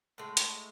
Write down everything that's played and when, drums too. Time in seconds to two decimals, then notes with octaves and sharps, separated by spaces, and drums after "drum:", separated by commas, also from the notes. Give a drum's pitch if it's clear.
0.18 A2 G#3
0.37 drum: hi-hat